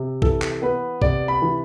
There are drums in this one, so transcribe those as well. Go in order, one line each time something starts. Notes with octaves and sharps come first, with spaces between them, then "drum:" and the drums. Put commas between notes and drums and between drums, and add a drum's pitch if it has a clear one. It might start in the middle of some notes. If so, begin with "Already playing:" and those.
Already playing: C3
E3 A4, drum: kick A#1
drum: clap
B3 B4
C3 D5, drum: kick A#1
B5
E3